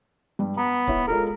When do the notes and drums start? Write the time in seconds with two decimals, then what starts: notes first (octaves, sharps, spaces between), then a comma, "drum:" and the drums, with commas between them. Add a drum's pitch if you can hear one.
0.39 G2 G3
0.57 B3 A#5
0.88 E4 C#5, drum: kick
1.08 G#3 F4 A4 A#4